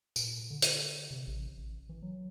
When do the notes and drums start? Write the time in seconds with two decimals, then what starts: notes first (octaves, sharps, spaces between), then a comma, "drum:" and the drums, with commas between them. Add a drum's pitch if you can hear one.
0.16 A#2, drum: tambourine
0.50 D3
0.62 drum: hi-hat
1.11 C3
1.27 A1
1.58 A1
1.89 E3
2.02 F#3